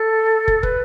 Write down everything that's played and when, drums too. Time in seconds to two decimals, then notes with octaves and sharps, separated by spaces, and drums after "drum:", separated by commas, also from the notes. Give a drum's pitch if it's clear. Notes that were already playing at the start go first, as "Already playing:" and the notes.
Already playing: A4
0.48 drum: kick
0.63 B4, drum: kick